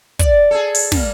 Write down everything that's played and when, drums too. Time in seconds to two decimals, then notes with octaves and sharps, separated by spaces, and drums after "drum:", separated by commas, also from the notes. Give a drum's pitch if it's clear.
0.19 D5, drum: kick, hi-hat
0.51 G#4 A4
0.75 drum: open hi-hat
0.92 G3 A#3, drum: snare